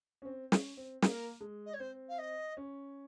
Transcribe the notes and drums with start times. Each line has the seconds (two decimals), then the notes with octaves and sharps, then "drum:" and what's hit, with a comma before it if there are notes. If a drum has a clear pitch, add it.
0.22 C#4
0.25 C4
0.52 C#4, drum: snare
0.77 C4
1.02 A#3 A#4, drum: snare
1.41 G#3
1.65 D#5
1.73 C#5
1.79 C4 C5
2.08 F5
2.18 D#5
2.57 C#4